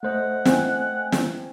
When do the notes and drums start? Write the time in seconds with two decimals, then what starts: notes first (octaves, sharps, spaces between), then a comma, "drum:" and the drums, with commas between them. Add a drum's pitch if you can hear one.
0.03 A3 C5 D#5 F#5
0.45 C4 G#5, drum: snare
1.12 drum: snare